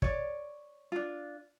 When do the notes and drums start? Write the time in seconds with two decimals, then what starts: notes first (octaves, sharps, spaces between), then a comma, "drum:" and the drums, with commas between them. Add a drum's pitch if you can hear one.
0.02 C#5 D5, drum: kick
0.92 D4 F4